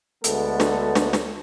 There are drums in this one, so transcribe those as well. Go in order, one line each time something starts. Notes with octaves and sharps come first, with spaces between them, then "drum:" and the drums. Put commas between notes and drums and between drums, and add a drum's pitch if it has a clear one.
D2 G#3 B3 A4, drum: hi-hat
drum: snare
drum: snare
drum: snare